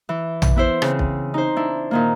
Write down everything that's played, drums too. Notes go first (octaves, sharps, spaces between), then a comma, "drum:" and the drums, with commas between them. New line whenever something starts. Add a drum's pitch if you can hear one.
E3
drum: tom A#1
B3 E4 C5
C#3 C4, drum: rim click
drum: kick B1
D#4 C5
D4 E4
A#2 D#3 A#3